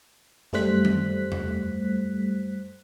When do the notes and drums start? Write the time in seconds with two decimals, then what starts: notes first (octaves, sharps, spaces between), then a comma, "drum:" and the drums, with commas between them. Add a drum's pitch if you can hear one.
0.53 F#2 G3 A3 C5 F#6 B6, drum: snare
0.85 drum: tom D#3
1.32 drum: tom E2